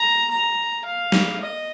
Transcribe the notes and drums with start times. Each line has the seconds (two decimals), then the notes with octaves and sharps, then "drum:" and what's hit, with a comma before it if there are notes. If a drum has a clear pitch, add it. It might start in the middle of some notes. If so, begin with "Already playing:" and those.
Already playing: A#5
0.31 A#5
0.85 F5
1.12 drum: snare
1.41 D#5